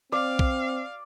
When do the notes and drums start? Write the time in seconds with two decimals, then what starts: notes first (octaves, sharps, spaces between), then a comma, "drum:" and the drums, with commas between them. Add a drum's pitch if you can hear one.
0.12 C4 D5 F5
0.39 drum: kick